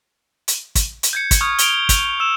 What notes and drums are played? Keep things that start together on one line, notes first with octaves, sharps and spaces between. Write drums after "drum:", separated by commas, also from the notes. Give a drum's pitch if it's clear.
drum: hi-hat
drum: kick, hi-hat
drum: hi-hat
G6 G#6 C#7
drum: kick, hi-hat
C#6 D#6 F6 G#6
D7 F7 G7, drum: hi-hat
G6 F7, drum: kick, hi-hat
E6 E7